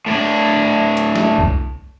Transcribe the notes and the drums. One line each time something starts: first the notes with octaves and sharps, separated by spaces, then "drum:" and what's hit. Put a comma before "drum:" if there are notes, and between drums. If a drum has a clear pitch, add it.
A2 D4
drum: hi-hat
drum: snare
drum: kick C2